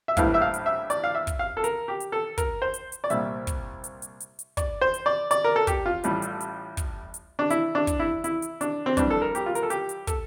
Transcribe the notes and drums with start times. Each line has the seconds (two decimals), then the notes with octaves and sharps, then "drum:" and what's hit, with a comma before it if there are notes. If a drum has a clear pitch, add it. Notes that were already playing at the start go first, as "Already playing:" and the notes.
0.08 E5
0.17 A#1 A2 E3 G3 F5, drum: kick, hi-hat
0.34 E5
0.42 F5
0.54 drum: hi-hat
0.66 E5
0.90 D5, drum: hi-hat
1.04 F5
1.15 E5
1.27 drum: kick, hi-hat
1.39 F5
1.57 A4
1.64 A#4, drum: hi-hat
1.88 G4
2.00 drum: hi-hat
2.12 A4
2.38 A#4, drum: kick, hi-hat
2.62 C5
2.74 drum: hi-hat
2.92 drum: hi-hat
3.04 D5
3.10 C2 A#2 G3 E5, drum: hi-hat
3.47 drum: kick, hi-hat
3.84 drum: hi-hat
4.02 drum: hi-hat
4.20 drum: hi-hat
4.39 drum: hi-hat
4.57 D5, drum: kick, hi-hat
4.81 C5
4.94 drum: hi-hat
5.06 D5
5.31 D5, drum: hi-hat
5.44 A#4
5.56 A4
5.67 G4, drum: kick, hi-hat
5.86 F4
6.04 A1 A2 G3, drum: hi-hat
6.22 drum: hi-hat
6.40 drum: hi-hat
6.77 drum: kick, hi-hat
7.14 drum: hi-hat
7.39 D4
7.50 E4, drum: hi-hat
7.75 D4
7.87 drum: kick, hi-hat
7.99 E4
8.24 E4, drum: hi-hat
8.42 drum: hi-hat
8.61 D4, drum: hi-hat
8.86 C4
8.97 F2 E3 G3 D4, drum: kick, hi-hat
9.10 A4
9.22 A#4
9.35 G4, drum: hi-hat
9.46 F4
9.55 A#4, drum: hi-hat
9.63 A4
9.70 G4, drum: hi-hat
9.89 drum: hi-hat
10.07 A4, drum: kick, hi-hat